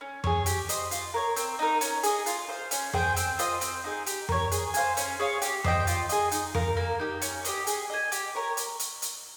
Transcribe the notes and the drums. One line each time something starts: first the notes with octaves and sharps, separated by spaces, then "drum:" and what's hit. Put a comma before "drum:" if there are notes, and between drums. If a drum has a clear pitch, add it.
C#4
G#4 C#5, drum: tom F2
G4, drum: hi-hat
C5 D#5, drum: hi-hat
F4, drum: hi-hat
A#4 C#5
C4, drum: hi-hat
D#4 A#4
C#4, drum: hi-hat
G#4 D#5, drum: hi-hat
F4, drum: hi-hat
C5 F5
C#4, drum: hi-hat
G#4 C5 G5, drum: tom F2
C4, drum: hi-hat
F4 C5 D#5, drum: hi-hat
C4, drum: hi-hat
D#4 G#4
G4, drum: hi-hat
A#4 C#5, drum: tom F2
G#4, drum: hi-hat
C5 F5 G#5, drum: hi-hat
C#4, drum: hi-hat
G#4 C#5 F5
G4, drum: hi-hat
C5 D#5 G5, drum: tom F2
F4, drum: hi-hat
G#4 D#5, drum: hi-hat
D#4, drum: hi-hat
A#4 F5, drum: tom F2
A#3
D#4 G4
C#4, drum: hi-hat
G4 C5 D#5, drum: hi-hat
G#4, drum: hi-hat
D#5 G#5
G4, drum: hi-hat
A#4 C#5
drum: hi-hat
drum: hi-hat
drum: hi-hat